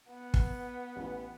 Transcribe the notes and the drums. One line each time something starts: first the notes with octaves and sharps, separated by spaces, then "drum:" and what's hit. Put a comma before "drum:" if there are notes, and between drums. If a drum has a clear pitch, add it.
B3
drum: kick
A1 E3